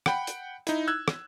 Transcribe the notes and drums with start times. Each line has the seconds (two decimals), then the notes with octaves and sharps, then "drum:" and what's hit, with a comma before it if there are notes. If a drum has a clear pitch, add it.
0.06 F#5 G5 B5, drum: rim click
0.27 drum: hi-hat
0.67 D#4 E4, drum: hi-hat
0.88 E6 F#6 G#6
1.08 drum: rim click